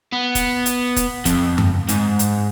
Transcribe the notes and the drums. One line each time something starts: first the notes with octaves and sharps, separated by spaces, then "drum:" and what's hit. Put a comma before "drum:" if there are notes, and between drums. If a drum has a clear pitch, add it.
B3
drum: kick, hi-hat
drum: hi-hat
drum: kick, hi-hat
F2, drum: kick, hi-hat
drum: tom F#2
G#2, drum: hi-hat
drum: hi-hat